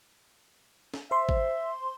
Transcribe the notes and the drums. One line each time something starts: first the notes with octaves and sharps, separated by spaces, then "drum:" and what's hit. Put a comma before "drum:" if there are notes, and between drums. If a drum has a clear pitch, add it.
drum: snare
C5 E5 C6
drum: kick G#1